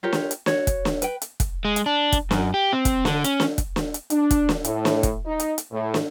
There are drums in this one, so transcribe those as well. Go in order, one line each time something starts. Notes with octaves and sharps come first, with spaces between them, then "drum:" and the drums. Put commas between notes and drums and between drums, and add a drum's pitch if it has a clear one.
F4 G4 A#4 C#5
drum: snare
drum: hi-hat
F#4 C#5, drum: snare
drum: kick, hi-hat
drum: snare
B4 G5, drum: hi-hat
drum: hi-hat
drum: kick, hi-hat
G#3
drum: hi-hat
D4
drum: kick, hi-hat
F#2, drum: snare
G4
C4
drum: kick, hi-hat
D3, drum: snare
C#4, drum: hi-hat
drum: snare
drum: kick, hi-hat
drum: snare
drum: hi-hat
D4, drum: hi-hat
drum: kick, hi-hat
drum: snare
A2, drum: hi-hat
drum: snare
drum: kick, hi-hat
D#4
drum: hi-hat
drum: hi-hat
A2
drum: snare